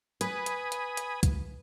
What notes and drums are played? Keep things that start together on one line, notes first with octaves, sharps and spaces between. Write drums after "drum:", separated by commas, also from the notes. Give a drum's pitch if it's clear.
B4 G#5 B5 D#6, drum: hi-hat
drum: hi-hat
drum: hi-hat
drum: hi-hat
drum: kick C2, hi-hat